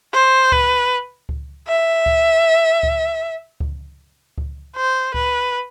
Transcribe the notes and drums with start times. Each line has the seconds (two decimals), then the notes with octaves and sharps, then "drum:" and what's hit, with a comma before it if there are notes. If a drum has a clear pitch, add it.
0.14 C5
0.52 B4, drum: kick C#2
1.29 drum: kick C#2
1.68 E5
2.06 drum: kick C#2
2.83 drum: kick C#2
3.60 drum: kick C#2
4.38 drum: kick C#2
4.76 C5
5.14 B4, drum: kick C#2